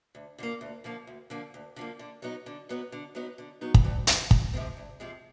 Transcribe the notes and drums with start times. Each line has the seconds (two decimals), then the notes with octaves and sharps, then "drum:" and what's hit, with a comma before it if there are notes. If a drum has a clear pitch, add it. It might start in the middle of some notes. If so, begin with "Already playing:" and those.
0.15 D2
0.38 D3 F3 A#3
0.61 D2
0.84 D3 F3 A#3
1.07 D2
1.30 D3 F3 A#3
1.54 D2
1.76 D3 F3 A#3
1.99 D3
2.22 F#3 B3 D#4
2.46 D3
2.69 F#3 B3 D#4
2.92 D3
3.15 F#3 B3 D#4
3.38 D3
3.61 F#3 B3 D#4
3.74 drum: kick
3.85 D2
4.07 C3 F3 G#3 C4, drum: hi-hat
4.31 D2, drum: kick
4.54 C3 F3 G#3 C4
4.77 D2
5.00 C3 F3 G#3 C4